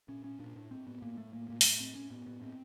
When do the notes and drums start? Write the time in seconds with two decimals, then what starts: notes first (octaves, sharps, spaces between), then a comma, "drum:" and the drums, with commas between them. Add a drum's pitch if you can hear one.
0.08 A#2 C#4
0.24 A#2 C#4
0.39 A#2 D4
0.55 A2
0.71 A2 C4
0.87 A2 B3
1.02 A2 A#3
1.18 A2 A3
1.33 A2 A#3
1.48 A2 A#3
1.61 G#3, drum: open hi-hat
1.64 A2 A3
1.79 A2 C4
1.95 A2 C#4
2.11 A2 B3
2.26 A2 B3
2.42 A2 C4